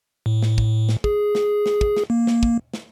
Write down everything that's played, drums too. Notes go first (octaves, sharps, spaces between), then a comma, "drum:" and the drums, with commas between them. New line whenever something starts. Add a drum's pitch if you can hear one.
A2
drum: snare
drum: kick
drum: snare
G#4, drum: kick
drum: snare
drum: snare
drum: kick
drum: snare
A#3
drum: snare
drum: kick
drum: snare